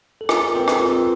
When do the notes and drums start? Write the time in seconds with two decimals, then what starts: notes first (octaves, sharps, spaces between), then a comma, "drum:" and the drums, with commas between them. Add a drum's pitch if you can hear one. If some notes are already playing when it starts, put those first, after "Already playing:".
0.21 A4
0.29 F4 G#4 A#4, drum: rim click
0.55 C4 A4 B4
0.68 drum: rim click
0.80 C4 G#4 A#4